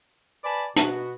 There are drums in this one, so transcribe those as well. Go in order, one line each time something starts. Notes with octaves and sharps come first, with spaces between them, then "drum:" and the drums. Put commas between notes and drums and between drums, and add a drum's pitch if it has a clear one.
B4 D5 G#5 A5 B5
B2 B3 F#4, drum: hi-hat